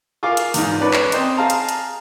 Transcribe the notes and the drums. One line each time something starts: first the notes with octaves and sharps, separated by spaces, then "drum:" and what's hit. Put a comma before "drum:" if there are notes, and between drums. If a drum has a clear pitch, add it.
F4 G#4 A#4 F5 D6
drum: hi-hat
E2 G#2, drum: open hi-hat
C#4 B4 D5
drum: clap
C4 C5 D#5, drum: hi-hat
G#4 F5 A5 A#5
drum: hi-hat
drum: hi-hat